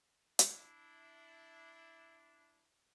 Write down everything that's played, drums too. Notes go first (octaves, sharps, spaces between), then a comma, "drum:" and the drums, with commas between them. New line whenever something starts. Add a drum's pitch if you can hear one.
D4 E4, drum: hi-hat